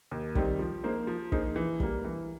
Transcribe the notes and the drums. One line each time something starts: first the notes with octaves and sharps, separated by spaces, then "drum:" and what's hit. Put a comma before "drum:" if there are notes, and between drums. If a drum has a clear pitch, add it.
D#2
D#3 G3 C4 D#4, drum: kick
F3
A#3 D#4 G#4 C5
F3
A#3 D#4 G#4 C5, drum: kick
E3
G3 A#3, drum: kick
E3